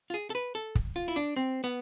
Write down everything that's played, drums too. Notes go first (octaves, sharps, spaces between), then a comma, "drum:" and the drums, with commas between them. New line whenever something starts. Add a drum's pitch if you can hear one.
F4
G#4
A4
B4
A4
drum: kick
F4
E4
D4
C4
B3